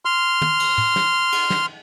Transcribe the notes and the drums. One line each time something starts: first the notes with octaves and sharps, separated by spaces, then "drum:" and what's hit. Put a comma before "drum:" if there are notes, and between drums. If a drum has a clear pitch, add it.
C6 F6
drum: tom
drum: cymbal
drum: tom
drum: snare
drum: cymbal
drum: snare